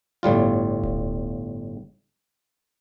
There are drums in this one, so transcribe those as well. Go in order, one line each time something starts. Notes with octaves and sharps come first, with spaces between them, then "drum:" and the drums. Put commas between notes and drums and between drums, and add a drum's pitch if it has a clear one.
G1 A2 G3 F4
drum: kick D1